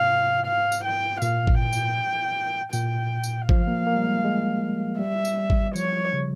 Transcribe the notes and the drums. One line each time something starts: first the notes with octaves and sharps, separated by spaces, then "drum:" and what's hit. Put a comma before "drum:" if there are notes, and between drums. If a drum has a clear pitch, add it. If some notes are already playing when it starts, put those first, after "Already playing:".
Already playing: G#2 C3 F5
F5
drum: tambourine
G5
A#2 F5, drum: tambourine
drum: kick G#1
G5
drum: tambourine
A#2 G5, drum: tambourine
drum: tambourine
F3 F5, drum: kick G#1
A#3
A#3
G3
G#3
G#3
G3 E5
drum: tambourine
G3
drum: kick G#1
F3 C#5, drum: tambourine
C#3